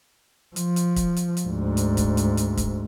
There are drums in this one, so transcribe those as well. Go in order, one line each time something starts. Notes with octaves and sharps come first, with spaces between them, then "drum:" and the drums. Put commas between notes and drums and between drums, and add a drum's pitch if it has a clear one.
F3, drum: hi-hat
drum: hi-hat
drum: kick, hi-hat
drum: hi-hat
drum: hi-hat
D2 G#2
drum: hi-hat
drum: kick, hi-hat
drum: hi-hat
drum: hi-hat
drum: kick, hi-hat